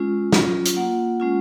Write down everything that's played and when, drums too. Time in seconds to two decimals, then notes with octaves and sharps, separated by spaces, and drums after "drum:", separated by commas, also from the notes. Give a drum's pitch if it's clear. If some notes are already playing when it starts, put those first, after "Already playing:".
Already playing: G#3 C#4 F4
0.32 F#3 C#4 F4, drum: snare
0.65 drum: hi-hat
0.76 A#3 F4 F#5
1.20 G#3 C#4 F4